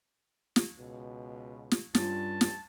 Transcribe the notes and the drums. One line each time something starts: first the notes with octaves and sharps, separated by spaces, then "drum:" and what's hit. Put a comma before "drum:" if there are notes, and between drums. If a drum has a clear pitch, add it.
drum: snare
C#2 B2
drum: snare
G2 G3 C#4 F4 A5, drum: snare
drum: snare